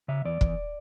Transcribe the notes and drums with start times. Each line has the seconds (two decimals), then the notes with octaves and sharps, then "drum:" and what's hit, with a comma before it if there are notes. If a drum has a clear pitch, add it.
0.08 C#3 E5
0.25 E2 D5
0.41 E2, drum: kick